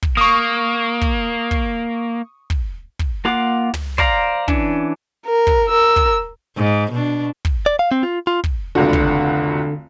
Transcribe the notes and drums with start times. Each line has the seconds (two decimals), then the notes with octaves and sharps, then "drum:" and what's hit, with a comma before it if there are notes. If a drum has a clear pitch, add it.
0.02 drum: kick
0.17 A#3 C#6 D#6
1.01 drum: kick
1.51 drum: kick
2.50 drum: kick
2.99 drum: kick
3.25 A#3 F4 F#5 D6
3.74 drum: tom
3.98 C5 D5 F5 A#5, drum: kick
4.48 E3 C#4 D4, drum: kick
5.27 A#4
5.47 drum: kick
5.69 A#4 E6
5.96 drum: kick
6.57 G#2
6.92 B2 D4
7.45 drum: kick
7.66 D5
7.79 F5
7.91 C4
8.03 F4
8.27 F4
8.44 drum: kick
8.75 F1 C#2 D3 F#4
8.93 drum: kick